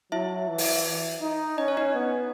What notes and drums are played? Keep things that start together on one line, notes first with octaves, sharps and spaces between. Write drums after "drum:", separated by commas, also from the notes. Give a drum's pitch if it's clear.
F#3 E4 E5
E3
drum: open hi-hat
D#4
C#4 D#5
C#5
D#4 D#5
B3